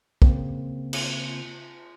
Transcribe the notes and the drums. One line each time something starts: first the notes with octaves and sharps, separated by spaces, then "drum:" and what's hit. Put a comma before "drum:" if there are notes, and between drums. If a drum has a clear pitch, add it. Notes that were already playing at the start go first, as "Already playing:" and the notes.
C#3 A#3 C4, drum: kick B1
drum: cymbal